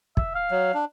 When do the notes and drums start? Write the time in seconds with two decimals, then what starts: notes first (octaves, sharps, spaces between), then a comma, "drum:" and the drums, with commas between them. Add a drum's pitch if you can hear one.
0.17 E5, drum: kick
0.35 F5
0.51 F#3
0.74 D4